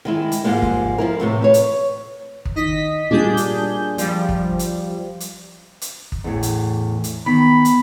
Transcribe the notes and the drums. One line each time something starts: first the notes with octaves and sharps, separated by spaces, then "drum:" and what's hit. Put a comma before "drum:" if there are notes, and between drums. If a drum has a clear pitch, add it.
D#3 G#3 E4
drum: hi-hat
G#2 F3 G3 G#3 A#3
drum: kick
F3 E4 A#4
A2 C3 E3
B4 C#5
drum: hi-hat
drum: kick
D#3 D#5 B6
A#2 G3 D4 G#4 G6
drum: hi-hat
F3 G3 D5, drum: hi-hat
drum: kick
drum: hi-hat
drum: hi-hat
drum: hi-hat
drum: kick
E2 A2
drum: hi-hat
drum: hi-hat
D#3 B3 B5
drum: hi-hat